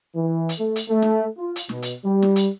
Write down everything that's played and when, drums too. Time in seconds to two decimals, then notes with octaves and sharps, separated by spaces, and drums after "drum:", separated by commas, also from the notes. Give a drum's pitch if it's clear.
0.15 E3
0.49 drum: hi-hat
0.58 A3
0.76 drum: hi-hat
0.89 A3
1.02 drum: snare
1.37 F4
1.56 drum: hi-hat
1.69 B2, drum: snare
1.82 drum: hi-hat
2.05 G3
2.22 drum: snare
2.36 drum: hi-hat